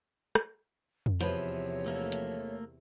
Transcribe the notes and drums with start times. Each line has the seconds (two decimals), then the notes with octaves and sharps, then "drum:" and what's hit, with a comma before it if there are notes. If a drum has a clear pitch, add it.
0.35 drum: rim click
1.06 drum: tom F2
1.21 E2 C3 F3 B4 C#5, drum: hi-hat
1.86 A3 A#3 A4
2.12 drum: hi-hat